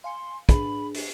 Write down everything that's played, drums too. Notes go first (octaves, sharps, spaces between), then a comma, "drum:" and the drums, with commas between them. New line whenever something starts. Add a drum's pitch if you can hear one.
F5 G#5 C6 C#7
D4 G#4 B4 B5, drum: kick, hi-hat
drum: open hi-hat